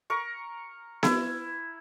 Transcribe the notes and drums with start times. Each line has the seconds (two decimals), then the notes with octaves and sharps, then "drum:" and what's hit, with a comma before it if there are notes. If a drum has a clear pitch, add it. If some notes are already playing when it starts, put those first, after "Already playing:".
0.10 A#4 C#6
1.03 E4, drum: snare B3